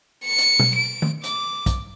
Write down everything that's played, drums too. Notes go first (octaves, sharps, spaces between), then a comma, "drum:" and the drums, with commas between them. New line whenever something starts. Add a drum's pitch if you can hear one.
C#7
drum: hi-hat
drum: tom B2
D7
drum: tom D#3
D6, drum: hi-hat
drum: kick, hi-hat